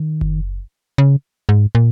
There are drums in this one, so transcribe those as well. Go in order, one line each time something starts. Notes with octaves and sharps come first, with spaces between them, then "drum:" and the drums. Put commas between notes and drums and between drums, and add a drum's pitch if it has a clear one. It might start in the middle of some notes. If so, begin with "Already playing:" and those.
Already playing: D#3
drum: kick F#1
C#3
G#2
A#2